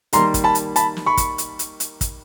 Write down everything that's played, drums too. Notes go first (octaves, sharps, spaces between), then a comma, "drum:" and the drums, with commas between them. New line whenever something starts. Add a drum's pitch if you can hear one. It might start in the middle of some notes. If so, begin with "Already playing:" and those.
D#3 G3 A#3 A#5 C6, drum: hi-hat
drum: kick, hi-hat
A5 B5
drum: hi-hat
A5 B5, drum: hi-hat
drum: snare
B5 C#6
drum: kick, hi-hat
drum: hi-hat
drum: hi-hat
drum: hi-hat
drum: kick, hi-hat